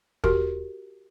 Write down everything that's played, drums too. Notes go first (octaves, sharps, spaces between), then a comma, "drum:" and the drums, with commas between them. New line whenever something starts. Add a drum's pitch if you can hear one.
F#4 G4 A#4, drum: kick